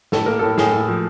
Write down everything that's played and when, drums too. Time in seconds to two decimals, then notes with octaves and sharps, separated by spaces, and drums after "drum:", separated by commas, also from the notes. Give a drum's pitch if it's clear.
0.12 A2 A4, drum: snare
0.26 A#3 A#4
0.39 A2 A4
0.58 A2 G#4, drum: snare
0.73 A2
0.88 F3